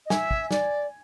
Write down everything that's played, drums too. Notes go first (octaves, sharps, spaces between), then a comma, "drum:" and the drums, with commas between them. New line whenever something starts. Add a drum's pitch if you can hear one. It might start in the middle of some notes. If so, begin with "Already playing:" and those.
D#5
E5 G#5, drum: snare
drum: kick
D5, drum: snare